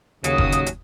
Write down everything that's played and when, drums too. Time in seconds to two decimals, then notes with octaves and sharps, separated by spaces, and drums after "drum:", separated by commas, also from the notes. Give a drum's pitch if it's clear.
0.24 D#2 C#3 F#3 D#6, drum: hi-hat
0.38 drum: kick F1
0.52 drum: hi-hat
0.66 drum: hi-hat